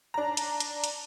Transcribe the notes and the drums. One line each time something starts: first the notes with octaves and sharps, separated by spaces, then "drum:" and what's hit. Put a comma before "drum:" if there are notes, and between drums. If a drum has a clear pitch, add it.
D4 A#5
drum: hi-hat
drum: hi-hat
drum: hi-hat